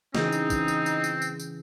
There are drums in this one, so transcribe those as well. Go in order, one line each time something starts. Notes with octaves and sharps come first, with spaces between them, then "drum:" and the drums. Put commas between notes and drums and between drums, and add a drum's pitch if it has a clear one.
C#3 E3 C4 D#4 G#4, drum: snare
drum: tambourine
drum: kick, tambourine
drum: tambourine
drum: tambourine
drum: tambourine
drum: tambourine
drum: tambourine